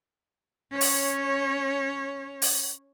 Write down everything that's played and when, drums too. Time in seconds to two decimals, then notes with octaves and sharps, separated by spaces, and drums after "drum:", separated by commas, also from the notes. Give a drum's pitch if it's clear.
0.71 C#4 C#5
0.81 drum: open hi-hat
2.42 drum: open hi-hat